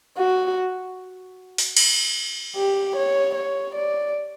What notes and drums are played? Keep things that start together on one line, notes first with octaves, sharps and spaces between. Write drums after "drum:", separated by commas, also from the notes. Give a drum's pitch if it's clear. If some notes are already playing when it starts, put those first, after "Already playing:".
F#4
drum: open hi-hat
drum: cymbal
G4
C#5
C#5
D5